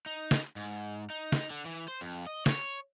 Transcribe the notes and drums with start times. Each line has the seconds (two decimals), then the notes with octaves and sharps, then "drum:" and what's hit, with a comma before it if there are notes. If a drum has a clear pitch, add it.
0.06 D#4
0.31 drum: snare
0.56 G#2
1.10 D#4
1.32 drum: snare
1.51 D3
1.66 E3
1.88 C5
2.01 F2
2.27 D#5
2.46 C#5, drum: snare